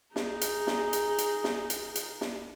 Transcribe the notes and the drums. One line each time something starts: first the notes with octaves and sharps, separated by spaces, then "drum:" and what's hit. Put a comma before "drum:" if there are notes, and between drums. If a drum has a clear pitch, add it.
D#4 G#4, drum: snare
drum: hi-hat
drum: snare
drum: hi-hat
drum: hi-hat
drum: snare
drum: hi-hat
drum: hi-hat
drum: snare